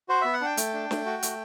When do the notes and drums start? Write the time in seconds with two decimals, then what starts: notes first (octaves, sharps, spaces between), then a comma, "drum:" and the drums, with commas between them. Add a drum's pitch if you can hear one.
0.09 F#4 C5
0.22 B3 E5
0.33 F#5
0.41 D4 G5
0.57 A3, drum: hi-hat
0.74 D4
0.91 A3, drum: snare
1.06 F#4
1.23 A3, drum: hi-hat